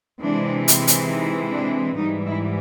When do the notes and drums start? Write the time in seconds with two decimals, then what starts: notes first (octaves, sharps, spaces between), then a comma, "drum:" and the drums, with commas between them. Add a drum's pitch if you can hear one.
0.21 C3 E3 G#3 C4 D4
0.68 drum: hi-hat
0.87 drum: hi-hat
1.08 D#4
1.52 D4
1.96 G#2 E3 G3 D#4
2.25 E4